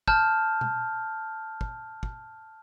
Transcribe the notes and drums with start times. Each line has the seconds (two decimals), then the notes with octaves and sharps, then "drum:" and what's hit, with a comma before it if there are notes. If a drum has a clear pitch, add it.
0.08 A5 F6 G6, drum: kick
0.61 drum: tom B2
1.61 drum: kick
2.03 drum: kick